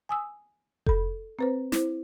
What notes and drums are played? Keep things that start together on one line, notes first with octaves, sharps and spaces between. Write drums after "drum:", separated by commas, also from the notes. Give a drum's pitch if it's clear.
G#5 D#6 E6
A4 B5, drum: kick F1
C4 B4 C5
E4 C5, drum: snare